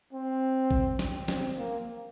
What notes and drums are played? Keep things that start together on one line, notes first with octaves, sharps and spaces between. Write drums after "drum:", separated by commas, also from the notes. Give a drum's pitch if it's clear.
C4
drum: kick
drum: snare
C4, drum: snare
A#3